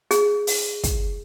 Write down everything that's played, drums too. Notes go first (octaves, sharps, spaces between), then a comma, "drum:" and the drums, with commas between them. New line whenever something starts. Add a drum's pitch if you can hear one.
G#4, drum: hi-hat
drum: open hi-hat
drum: kick, hi-hat